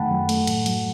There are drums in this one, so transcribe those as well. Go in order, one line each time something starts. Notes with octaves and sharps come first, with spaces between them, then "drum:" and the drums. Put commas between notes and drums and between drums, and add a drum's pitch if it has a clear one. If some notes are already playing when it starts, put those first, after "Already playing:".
Already playing: F#2 D#3 A3 F#5 G5 A5 B5
F#2
A3, drum: cymbal
A2, drum: cymbal
F#3, drum: cymbal